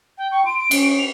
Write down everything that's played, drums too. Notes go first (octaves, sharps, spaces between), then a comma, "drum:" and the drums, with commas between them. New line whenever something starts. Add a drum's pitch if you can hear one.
G5
G5 C#6
C6 D7
D7
C#4, drum: cymbal
F7